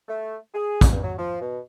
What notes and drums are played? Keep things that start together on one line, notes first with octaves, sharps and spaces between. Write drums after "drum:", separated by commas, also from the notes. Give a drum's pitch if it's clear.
A3
G#4
drum: kick, hi-hat
G2
F#3
F3
B2